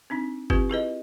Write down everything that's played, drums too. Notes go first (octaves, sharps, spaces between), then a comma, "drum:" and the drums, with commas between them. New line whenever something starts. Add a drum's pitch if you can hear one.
C4 D4 D#4
C4 F4 G4 B4, drum: kick G1
E4 G#4 B4 D#5